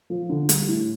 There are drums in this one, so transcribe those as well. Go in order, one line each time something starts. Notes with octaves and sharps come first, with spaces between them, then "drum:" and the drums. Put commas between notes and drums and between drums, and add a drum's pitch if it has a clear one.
F3
D3
G3, drum: hi-hat
A2